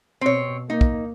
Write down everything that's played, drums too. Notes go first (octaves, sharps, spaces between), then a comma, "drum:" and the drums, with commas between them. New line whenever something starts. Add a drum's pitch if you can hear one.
B2 C4 C#5
A#3 D#4
drum: kick